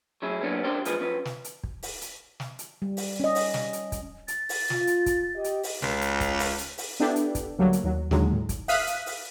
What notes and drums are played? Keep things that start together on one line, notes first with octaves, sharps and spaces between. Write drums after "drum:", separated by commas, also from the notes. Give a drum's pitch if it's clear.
F#3 A3 C#4 E4 G#4
F#3 A#3 B3 C#4 D4
C#4 D4 G4 A#4 C5
B1 A2 F3 G#4 B4 D#5, drum: hi-hat
F3 C#4 B4
drum: snare
drum: hi-hat
drum: kick
drum: open hi-hat
drum: hi-hat
drum: snare
drum: hi-hat
G3
drum: open hi-hat
C#4 D#5
drum: open hi-hat
drum: snare
drum: hi-hat
drum: kick, hi-hat
A6, drum: hi-hat
drum: open hi-hat
F4, drum: snare
drum: hi-hat
drum: kick, hi-hat
G4 D#5
drum: hi-hat
drum: open hi-hat
C#2, drum: snare
drum: hi-hat
drum: kick, hi-hat
drum: open hi-hat
drum: hi-hat
drum: open hi-hat
B3 D4 E4 G4 A4
drum: hi-hat
drum: kick, hi-hat
D2 F#3 G3 A3 A#3
drum: hi-hat
D#2 F#3
D#2 A#2 D3 D#3 F#3 G#3, drum: snare
A2
drum: kick, hi-hat
E5 F5 D#6 F#6 B6 D#7, drum: open hi-hat
drum: hi-hat
drum: open hi-hat